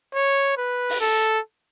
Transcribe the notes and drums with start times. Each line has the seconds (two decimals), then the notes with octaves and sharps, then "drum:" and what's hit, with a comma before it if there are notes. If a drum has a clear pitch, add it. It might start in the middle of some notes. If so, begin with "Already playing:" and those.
0.15 C#5
0.58 B4
0.90 drum: open hi-hat
1.01 A4